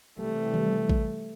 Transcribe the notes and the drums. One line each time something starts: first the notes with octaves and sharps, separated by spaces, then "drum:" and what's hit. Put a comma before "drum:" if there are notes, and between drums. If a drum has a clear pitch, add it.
C3 E3 G3 A3
drum: tom D#3
drum: kick A1